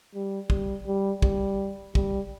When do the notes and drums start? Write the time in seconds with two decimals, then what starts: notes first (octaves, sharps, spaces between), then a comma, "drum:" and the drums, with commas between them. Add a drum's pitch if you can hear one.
0.14 G3
0.50 G3, drum: kick
0.87 G3
1.22 G3, drum: kick
1.95 G3, drum: kick